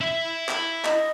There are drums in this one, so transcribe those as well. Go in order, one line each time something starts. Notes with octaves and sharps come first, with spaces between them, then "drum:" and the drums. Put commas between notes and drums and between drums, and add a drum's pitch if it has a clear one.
E4 E5
drum: clap
D#5, drum: clap